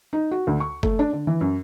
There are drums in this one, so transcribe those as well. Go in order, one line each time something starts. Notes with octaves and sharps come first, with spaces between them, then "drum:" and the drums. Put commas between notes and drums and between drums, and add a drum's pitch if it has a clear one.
D#4
F#4
D2
C#6
A3, drum: kick F#1
D4
D3
E3
F#2